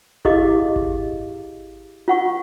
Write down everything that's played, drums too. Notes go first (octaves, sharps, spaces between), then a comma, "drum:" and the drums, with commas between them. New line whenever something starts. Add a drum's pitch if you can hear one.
E4 G4 G#4 D#5 F5 D6, drum: kick G#1
drum: kick G#1
F4 F#5 C#6